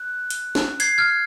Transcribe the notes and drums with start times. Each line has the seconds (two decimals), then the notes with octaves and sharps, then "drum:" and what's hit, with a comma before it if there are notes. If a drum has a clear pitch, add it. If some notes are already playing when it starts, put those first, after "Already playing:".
Already playing: F#6
0.30 drum: hi-hat
0.55 drum: snare
0.80 G#6 C7, drum: hi-hat
0.98 F6 G#6